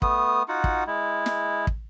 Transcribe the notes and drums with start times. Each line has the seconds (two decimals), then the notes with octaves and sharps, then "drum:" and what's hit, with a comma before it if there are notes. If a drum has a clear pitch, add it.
0.02 A3 B3 D#6, drum: kick
0.48 D#4 F4 F#4 F#5
0.64 drum: kick
0.87 G#3 E4
1.26 drum: snare
1.67 drum: kick